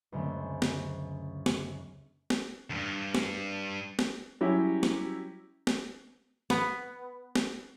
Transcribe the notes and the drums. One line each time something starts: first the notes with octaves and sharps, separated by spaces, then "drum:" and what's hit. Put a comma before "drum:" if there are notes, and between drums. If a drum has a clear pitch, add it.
C#2 F#2 D3 A3 C4
drum: snare
drum: snare
drum: snare
D2 G2
drum: snare
drum: snare
F#3 G3 C#4 E4 G4
drum: snare
drum: snare
B3, drum: snare
drum: snare